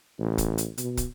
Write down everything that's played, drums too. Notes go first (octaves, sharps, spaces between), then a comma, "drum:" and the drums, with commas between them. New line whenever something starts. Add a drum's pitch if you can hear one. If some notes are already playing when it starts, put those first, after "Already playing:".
A1
drum: kick, hi-hat
drum: hi-hat
B2, drum: hi-hat
drum: kick, hi-hat